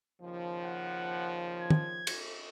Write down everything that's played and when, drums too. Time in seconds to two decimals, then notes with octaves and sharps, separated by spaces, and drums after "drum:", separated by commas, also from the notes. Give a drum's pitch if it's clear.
0.21 D#2 C#3 F3
0.64 F#5
1.60 G#6
1.70 drum: tom
2.07 drum: cymbal